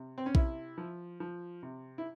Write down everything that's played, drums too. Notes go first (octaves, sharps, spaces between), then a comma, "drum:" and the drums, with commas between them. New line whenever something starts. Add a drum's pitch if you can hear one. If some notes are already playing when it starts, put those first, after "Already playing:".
Already playing: C3
C4
C#4
C3 E4, drum: kick A#1
F3
F3
C3
E4